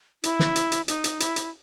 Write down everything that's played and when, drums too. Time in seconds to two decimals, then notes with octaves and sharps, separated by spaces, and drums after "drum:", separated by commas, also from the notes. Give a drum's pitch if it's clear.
0.24 E4, drum: hi-hat
0.39 drum: snare
0.56 drum: hi-hat
0.72 drum: hi-hat
0.88 D#4, drum: hi-hat
1.04 drum: hi-hat
1.20 E4, drum: hi-hat
1.36 drum: hi-hat